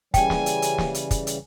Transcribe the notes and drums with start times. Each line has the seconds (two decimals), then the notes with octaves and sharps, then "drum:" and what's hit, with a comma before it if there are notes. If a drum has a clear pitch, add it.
0.14 C#3 E3 G3 G5 G#5, drum: kick, hi-hat
0.30 drum: snare
0.46 drum: hi-hat
0.62 drum: hi-hat
0.78 drum: snare
0.94 drum: hi-hat
1.11 drum: kick, hi-hat
1.27 drum: hi-hat